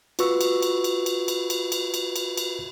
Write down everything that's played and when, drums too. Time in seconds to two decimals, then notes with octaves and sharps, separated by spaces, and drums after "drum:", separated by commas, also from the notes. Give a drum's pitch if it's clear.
0.19 F4 F#4 B4 C#6 E6, drum: cymbal
0.41 drum: cymbal
0.62 drum: cymbal
0.84 drum: cymbal
1.06 drum: cymbal
1.28 drum: cymbal
1.50 drum: cymbal
1.72 drum: cymbal
1.94 drum: cymbal
2.16 drum: cymbal
2.37 drum: cymbal